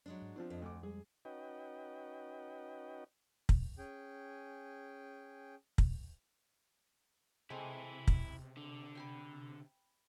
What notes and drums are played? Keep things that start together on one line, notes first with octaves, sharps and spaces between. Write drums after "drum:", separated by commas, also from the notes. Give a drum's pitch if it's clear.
F#3 G#3 D4
G#2
F3 B3 C4 D4 F4
F2 A4 D#5
D2 D6
G3 G#3 G#4
C#4 D#4 F#4 B4 D#5 G5
drum: kick
C#4 G#4 G5
drum: kick
C3 G#3 A3 C4 E4 G#5
drum: kick
D3
G5 G#5 B5